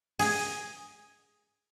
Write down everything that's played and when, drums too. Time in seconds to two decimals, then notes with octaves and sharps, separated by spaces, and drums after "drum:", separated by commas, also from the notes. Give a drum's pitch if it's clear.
0.19 G#4 G#5, drum: open hi-hat